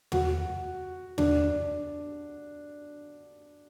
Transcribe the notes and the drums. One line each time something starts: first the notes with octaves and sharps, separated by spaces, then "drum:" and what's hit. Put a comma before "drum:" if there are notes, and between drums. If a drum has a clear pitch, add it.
F#4, drum: tom
D4, drum: tom